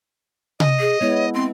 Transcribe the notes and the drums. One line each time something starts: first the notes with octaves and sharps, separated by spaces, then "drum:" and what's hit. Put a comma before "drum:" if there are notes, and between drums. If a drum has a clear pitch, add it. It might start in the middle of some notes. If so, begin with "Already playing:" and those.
D#5, drum: tom C3
G#4
G#3 B3 E4 C#5
C4 C6